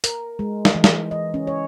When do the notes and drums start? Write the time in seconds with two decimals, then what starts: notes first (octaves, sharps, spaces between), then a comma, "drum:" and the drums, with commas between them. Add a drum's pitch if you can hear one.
0.04 A#4, drum: hi-hat
0.39 G#3
0.65 drum: snare
0.75 E3
0.84 drum: snare
1.11 D#5
1.34 C#4
1.47 C#5